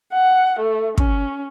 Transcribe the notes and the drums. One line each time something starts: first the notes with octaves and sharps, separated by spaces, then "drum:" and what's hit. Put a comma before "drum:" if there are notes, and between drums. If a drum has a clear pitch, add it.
F#5
A3
C#4, drum: kick